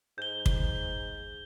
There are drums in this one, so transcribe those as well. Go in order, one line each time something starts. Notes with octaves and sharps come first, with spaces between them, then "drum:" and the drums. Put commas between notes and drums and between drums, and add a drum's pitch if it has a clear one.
G#2 G6 G7
drum: kick